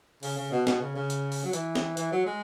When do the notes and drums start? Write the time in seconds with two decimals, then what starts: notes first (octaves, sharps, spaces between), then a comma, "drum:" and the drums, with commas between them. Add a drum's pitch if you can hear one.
0.23 C#3, drum: open hi-hat
0.37 C#3
0.52 B2
0.67 B2, drum: snare
0.81 C#3
0.96 C#3
1.10 drum: hi-hat
1.32 drum: open hi-hat
1.44 F#3
1.53 E3, drum: hi-hat
1.75 drum: snare
1.97 E3, drum: hi-hat
2.12 F#3
2.26 G#3